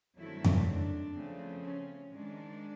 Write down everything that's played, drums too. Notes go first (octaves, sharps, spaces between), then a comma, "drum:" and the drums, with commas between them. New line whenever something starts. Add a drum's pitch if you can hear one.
G2 D#3 F#3 A3 C4 E4
drum: tom F2
D4
C#3 F3 A3 C4
C#4
G#2 D#3 G#3 D4